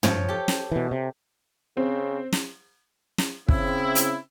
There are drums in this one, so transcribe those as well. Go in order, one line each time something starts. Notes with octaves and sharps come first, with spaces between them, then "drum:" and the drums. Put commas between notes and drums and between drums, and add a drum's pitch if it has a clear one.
F3 C#5, drum: tom
G4 A4
drum: snare
B2 E3
C3
C#3 C4
drum: snare
drum: snare
C#3 C4 E4, drum: kick
drum: hi-hat